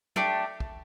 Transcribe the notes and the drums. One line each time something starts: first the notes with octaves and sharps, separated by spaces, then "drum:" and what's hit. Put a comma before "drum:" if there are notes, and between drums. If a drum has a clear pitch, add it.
A3 D4 G4, drum: tom
drum: kick